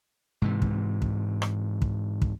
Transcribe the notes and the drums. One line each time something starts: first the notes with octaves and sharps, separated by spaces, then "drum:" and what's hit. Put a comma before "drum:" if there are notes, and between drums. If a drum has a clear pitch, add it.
G#2 C3 E3
drum: kick
drum: kick
drum: rim click
drum: kick
drum: kick